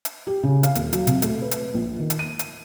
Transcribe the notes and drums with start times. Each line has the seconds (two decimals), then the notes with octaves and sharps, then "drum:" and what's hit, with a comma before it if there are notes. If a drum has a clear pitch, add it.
0.05 drum: hi-hat
0.27 G4
0.43 C#3
0.63 F5, drum: hi-hat
0.75 D#1, drum: hi-hat
0.93 F#3, drum: hi-hat
1.07 C3, drum: hi-hat
1.22 A3, drum: hi-hat
1.42 B4
1.51 drum: hi-hat
1.74 A#1
1.99 D#3
2.10 drum: hi-hat
2.19 D#7
2.39 drum: hi-hat